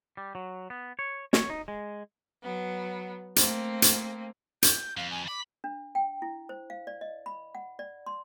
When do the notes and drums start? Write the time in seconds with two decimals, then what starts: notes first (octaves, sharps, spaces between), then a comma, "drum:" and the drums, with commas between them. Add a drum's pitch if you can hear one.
0.17 G3
0.35 F#3
0.70 B3
0.99 C#5
1.33 C#5, drum: snare
1.50 D#4
1.68 G#3
2.42 F#3 B3
3.36 A3 A#3 C4, drum: hi-hat
3.82 drum: hi-hat
4.63 G6, drum: hi-hat
4.97 F2 F5
5.11 G#5
5.28 B5 D6
5.64 D4
5.95 G5
6.22 E4
6.49 C5
6.70 F5
6.87 D5
7.01 D#5
7.26 B5
7.55 F#5
7.79 D5
8.06 C6